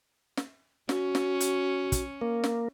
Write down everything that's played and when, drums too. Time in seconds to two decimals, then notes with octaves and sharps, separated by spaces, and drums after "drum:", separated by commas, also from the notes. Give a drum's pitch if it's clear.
0.37 drum: snare
0.89 C#4 F#4, drum: snare
1.15 drum: snare
1.40 drum: hi-hat
1.92 drum: kick, hi-hat
2.21 A#3
2.44 drum: snare